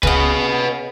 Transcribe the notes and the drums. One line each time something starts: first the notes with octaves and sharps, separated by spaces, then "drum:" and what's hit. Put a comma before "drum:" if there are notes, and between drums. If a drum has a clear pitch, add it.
C#3 B3 B4 D#5, drum: kick C#2